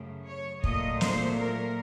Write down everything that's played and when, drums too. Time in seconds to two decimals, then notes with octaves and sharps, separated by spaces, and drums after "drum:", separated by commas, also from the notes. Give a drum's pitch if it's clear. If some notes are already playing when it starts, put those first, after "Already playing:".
Already playing: F#2 C#3 A3
0.27 C#5
0.64 A#2 F#3 A3 D#5, drum: kick
1.01 C5, drum: snare
1.38 A#4